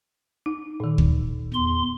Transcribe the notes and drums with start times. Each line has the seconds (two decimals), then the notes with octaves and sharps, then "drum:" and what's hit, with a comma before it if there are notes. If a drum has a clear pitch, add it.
0.46 D#4
0.80 A#2 D#3
0.98 drum: kick D2
1.54 E2 C6